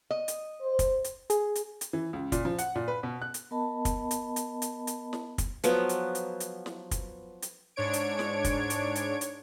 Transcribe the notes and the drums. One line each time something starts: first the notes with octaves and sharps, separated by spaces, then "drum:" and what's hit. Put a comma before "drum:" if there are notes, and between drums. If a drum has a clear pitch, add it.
D#5
drum: hi-hat
C5
drum: kick, hi-hat
drum: hi-hat
G#4, drum: hi-hat
drum: hi-hat
drum: hi-hat
E3
C#2
A#2, drum: kick, hi-hat
F3
F#5, drum: hi-hat
A#2
B4
B2
F#6
drum: hi-hat
B3 A#4 D#5 A5 B5
drum: kick, hi-hat
drum: hi-hat
drum: hi-hat
drum: hi-hat
drum: hi-hat
drum: snare
drum: kick, hi-hat
F3 F#3 B3, drum: hi-hat
drum: hi-hat
drum: hi-hat
drum: hi-hat
drum: snare
drum: kick, hi-hat
drum: hi-hat
G#2 D4 C#5 G#6 D7
drum: hi-hat
drum: snare
drum: kick, hi-hat
drum: hi-hat
drum: hi-hat
drum: hi-hat